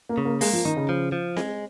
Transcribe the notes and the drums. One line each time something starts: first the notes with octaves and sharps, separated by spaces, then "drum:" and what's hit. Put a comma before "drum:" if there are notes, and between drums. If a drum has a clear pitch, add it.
A#3
C#3
A#3
G#3 A#3, drum: open hi-hat
F3
D#3 D#4
C#3
F3
F3
G#3, drum: snare C4